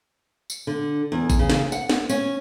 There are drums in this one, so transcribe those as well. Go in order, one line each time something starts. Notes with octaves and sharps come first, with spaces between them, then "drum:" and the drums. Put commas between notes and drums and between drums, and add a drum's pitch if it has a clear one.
drum: tambourine
D3
E2
drum: kick G#1, tambourine
C#3
drum: snare
F#5, drum: tambourine
drum: snare
C#4, drum: tambourine